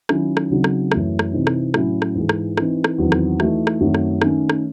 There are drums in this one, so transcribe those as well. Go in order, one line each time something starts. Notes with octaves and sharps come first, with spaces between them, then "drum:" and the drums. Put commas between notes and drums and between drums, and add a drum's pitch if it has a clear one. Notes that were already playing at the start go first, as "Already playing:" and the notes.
D#3 F#3 C#4 E4, drum: rim click
drum: rim click
C#3 F#3 C4 D#4
drum: rim click
F#2 E3 A3, drum: rim click
drum: rim click
C3 E3 C4 D#4
drum: rim click
A2 F#3 C#4 E4, drum: rim click
drum: rim click
G#2 E3 G#3
drum: rim click
E3 C4 D#4, drum: rim click
drum: rim click
E2 D#3 F#3 C4
drum: rim click
E3 A3 D#4 F#4, drum: rim click
drum: rim click
F#2 D#3 F#3 A3 C4
drum: rim click
D#3 A3 C#4, drum: rim click
drum: rim click